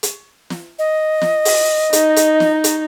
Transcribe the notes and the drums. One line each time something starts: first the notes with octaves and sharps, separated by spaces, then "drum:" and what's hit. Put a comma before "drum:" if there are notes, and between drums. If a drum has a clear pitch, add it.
drum: hi-hat
drum: snare
D#5
drum: snare
drum: open hi-hat
D#4, drum: hi-hat
drum: hi-hat
drum: snare
drum: hi-hat